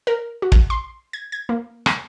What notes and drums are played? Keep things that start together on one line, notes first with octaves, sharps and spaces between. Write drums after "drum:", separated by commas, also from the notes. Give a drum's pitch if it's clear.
A#4
F#4
drum: kick
C6
G#6
G#6
A#3
drum: rim click